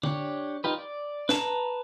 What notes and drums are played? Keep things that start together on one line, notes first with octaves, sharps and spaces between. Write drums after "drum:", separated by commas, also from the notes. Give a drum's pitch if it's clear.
D4 G4 C#5, drum: tom
D#4 F4 G4 B4
D5
B4 A5 A#5, drum: snare